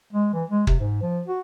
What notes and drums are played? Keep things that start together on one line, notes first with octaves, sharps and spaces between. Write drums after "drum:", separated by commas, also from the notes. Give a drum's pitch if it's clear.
G#3
E3
G#3
C3, drum: kick
G#2
F3
F#4